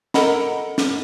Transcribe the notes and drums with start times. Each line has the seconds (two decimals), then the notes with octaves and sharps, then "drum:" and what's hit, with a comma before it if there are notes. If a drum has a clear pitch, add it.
0.14 A4 A#4 D#5 F#5 A#5 B5, drum: snare
0.78 drum: snare